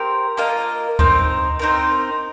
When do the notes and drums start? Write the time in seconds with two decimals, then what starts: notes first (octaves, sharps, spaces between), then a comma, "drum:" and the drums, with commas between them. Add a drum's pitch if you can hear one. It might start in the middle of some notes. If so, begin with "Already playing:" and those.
Already playing: C4 G4 A#4
0.37 A#3 F4 A#4 D#5
0.99 C4 D#4 A#4, drum: kick D2
1.59 C4 D#4 A#4